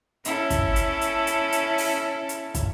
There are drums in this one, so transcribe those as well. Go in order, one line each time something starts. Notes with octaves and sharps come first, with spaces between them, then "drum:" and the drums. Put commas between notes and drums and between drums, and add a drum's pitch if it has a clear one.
C#4 E4 A4, drum: hi-hat
drum: kick, hi-hat
drum: hi-hat
drum: hi-hat
drum: hi-hat
drum: hi-hat
drum: open hi-hat
drum: hi-hat
drum: kick, hi-hat